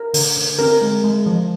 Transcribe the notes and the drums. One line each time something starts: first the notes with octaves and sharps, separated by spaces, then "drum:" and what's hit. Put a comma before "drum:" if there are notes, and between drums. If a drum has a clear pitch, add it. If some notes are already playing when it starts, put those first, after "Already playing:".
Already playing: A#4
D3, drum: open hi-hat
D3
C4 A#4
G#3
G#3
F3